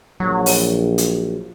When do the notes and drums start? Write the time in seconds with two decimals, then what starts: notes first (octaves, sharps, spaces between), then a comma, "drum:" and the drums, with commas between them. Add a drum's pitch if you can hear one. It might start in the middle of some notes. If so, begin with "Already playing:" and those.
0.20 A#1 F#3
0.46 drum: open hi-hat
0.98 drum: hi-hat